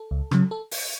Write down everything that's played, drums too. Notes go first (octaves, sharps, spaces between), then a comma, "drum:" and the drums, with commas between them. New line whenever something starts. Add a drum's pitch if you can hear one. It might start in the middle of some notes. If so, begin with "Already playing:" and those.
Already playing: A4
C#2
C#3 F#3, drum: rim click
A4
drum: open hi-hat